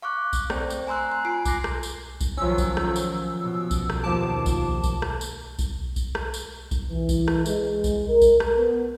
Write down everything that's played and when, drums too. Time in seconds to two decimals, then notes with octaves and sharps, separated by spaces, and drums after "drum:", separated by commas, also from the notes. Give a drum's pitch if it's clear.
0.02 F5 C#6 D6 F#6
0.33 drum: kick B1, tambourine
0.50 A3 C4 C5 D5 G5, drum: rim click
0.70 drum: tambourine
0.87 G#5 A#5 C6 E6 F#6
1.12 C6
1.25 F4 G#5 C6 C7 D7
1.45 D6 F#6 A#6 C7, drum: kick B1, tambourine
1.64 drum: rim click
1.83 drum: tambourine
2.21 drum: kick B1, tambourine
2.37 D#3 F3 F#3 C#4 E6
2.58 drum: kick B1, tambourine
2.77 drum: rim click
2.96 drum: tambourine
3.42 B2
3.71 drum: kick B1, tambourine
3.90 drum: rim click
4.04 D#2 F3 A5 D6
4.46 drum: kick B1, tambourine
4.83 drum: kick B1, tambourine
5.02 drum: rim click
5.21 drum: tambourine
5.59 drum: kick B1, tambourine
5.96 drum: kick B1, tambourine
6.15 drum: rim click
6.34 drum: tambourine
6.71 drum: kick B1, tambourine
6.89 E3
7.09 drum: kick B1, tambourine
7.28 drum: rim click
7.46 G#3, drum: tambourine
7.84 drum: kick B1, tambourine
8.08 A#4
8.22 drum: kick B1, tambourine
8.40 drum: rim click
8.56 B3